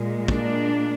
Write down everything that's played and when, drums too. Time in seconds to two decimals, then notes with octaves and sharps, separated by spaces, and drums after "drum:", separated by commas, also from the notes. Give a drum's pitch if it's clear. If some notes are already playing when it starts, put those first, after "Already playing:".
Already playing: A#2 G#3
0.28 A#3 D4, drum: kick